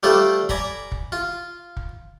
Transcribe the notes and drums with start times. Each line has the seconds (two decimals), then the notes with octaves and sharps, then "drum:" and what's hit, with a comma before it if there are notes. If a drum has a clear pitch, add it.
0.03 G3 A3 F4 A4 C5 D5
0.49 D5 G#5 A#5 B5, drum: kick
0.92 drum: kick
1.12 F4
1.77 drum: kick